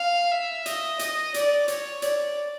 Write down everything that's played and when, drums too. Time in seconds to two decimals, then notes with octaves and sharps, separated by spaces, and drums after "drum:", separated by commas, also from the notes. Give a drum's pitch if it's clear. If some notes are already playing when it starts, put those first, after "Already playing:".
Already playing: F5
0.31 E5
0.66 D#5, drum: hi-hat
0.99 D#5, drum: hi-hat
1.34 D5, drum: hi-hat
1.68 C#5, drum: hi-hat
2.02 D5, drum: hi-hat